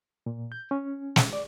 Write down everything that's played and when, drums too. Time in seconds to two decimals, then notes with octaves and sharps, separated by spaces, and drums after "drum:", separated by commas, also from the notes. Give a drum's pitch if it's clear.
0.26 A#2
0.52 G6
0.71 C#4
1.16 drum: snare
1.33 D5